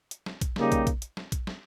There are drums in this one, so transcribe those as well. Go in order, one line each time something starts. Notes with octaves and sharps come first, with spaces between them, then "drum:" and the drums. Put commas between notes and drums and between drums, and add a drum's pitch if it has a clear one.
drum: hi-hat
drum: snare
drum: kick, hi-hat
C#3 G3 A#3 D#4 G4, drum: snare
drum: kick, hi-hat
drum: kick, hi-hat
drum: hi-hat
drum: snare
drum: kick, hi-hat
drum: snare